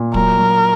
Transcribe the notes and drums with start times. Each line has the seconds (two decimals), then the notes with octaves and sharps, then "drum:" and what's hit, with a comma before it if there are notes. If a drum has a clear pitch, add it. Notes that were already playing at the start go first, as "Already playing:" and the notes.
Already playing: A#2
0.14 F#3 A#4, drum: kick
0.38 F#3